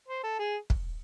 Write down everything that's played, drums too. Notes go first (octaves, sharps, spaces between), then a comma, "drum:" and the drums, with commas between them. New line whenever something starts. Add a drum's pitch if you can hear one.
C5
A4
G#4
drum: kick